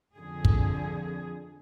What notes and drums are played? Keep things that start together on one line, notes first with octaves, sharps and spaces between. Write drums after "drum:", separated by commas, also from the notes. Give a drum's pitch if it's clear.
F2 D3 G#4
drum: kick